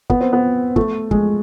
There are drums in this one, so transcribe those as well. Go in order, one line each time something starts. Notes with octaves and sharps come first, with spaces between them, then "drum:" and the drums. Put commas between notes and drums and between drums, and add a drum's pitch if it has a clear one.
B3, drum: kick
C4
B3
A3, drum: kick
G#3, drum: kick